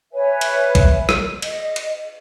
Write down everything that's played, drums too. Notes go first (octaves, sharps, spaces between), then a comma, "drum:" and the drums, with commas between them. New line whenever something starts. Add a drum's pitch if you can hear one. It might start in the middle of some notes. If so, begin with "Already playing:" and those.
B4 C#5 E5 G#5
drum: cymbal
drum: kick A#1, cymbal
drum: rim click
D#5, drum: cymbal
drum: cymbal